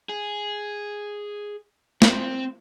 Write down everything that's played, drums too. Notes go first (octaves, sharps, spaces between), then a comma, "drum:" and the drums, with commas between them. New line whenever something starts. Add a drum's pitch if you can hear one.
G#4
C4, drum: snare